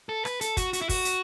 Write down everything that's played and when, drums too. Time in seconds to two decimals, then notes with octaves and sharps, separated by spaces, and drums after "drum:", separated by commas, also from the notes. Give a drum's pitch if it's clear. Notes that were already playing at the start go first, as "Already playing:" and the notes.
0.09 A4
0.25 B4, drum: rim click
0.41 A4, drum: hi-hat
0.57 F#4, drum: kick, hi-hat
0.73 F#4, drum: hi-hat
0.82 E4
0.89 F#4, drum: kick, open hi-hat
1.05 drum: hi-hat